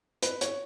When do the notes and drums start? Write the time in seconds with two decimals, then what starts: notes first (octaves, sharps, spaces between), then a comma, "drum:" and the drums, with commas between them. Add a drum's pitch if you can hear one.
0.22 B4, drum: hi-hat
0.41 C#5, drum: hi-hat